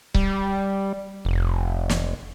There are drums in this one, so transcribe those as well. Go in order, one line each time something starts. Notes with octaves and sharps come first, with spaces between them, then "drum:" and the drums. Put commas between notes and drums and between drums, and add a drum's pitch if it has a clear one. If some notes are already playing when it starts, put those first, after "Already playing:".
G3, drum: kick C#1
F1
drum: snare